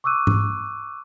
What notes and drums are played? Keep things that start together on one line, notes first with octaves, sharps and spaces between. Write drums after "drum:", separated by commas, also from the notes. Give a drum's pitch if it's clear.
C#6 D6 E6 F#6 D#7
drum: tom G#2